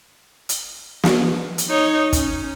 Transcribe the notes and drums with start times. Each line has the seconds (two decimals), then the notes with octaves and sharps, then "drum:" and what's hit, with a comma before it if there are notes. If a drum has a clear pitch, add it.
0.49 drum: hi-hat
1.04 drum: snare
1.58 drum: hi-hat
1.70 D#4 C#5
2.13 C#4, drum: kick, hi-hat